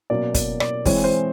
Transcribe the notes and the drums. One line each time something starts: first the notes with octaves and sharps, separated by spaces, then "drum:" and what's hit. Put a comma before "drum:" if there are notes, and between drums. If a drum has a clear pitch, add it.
B2 F#3 A#3 C#4 D5
D5, drum: kick, hi-hat
D5, drum: rim click
E3 G#3 C4 C#5, drum: kick, open hi-hat
C5